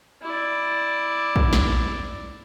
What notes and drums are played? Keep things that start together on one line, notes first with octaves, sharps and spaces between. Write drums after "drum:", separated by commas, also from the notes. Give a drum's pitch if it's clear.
E4 D5
drum: kick
drum: snare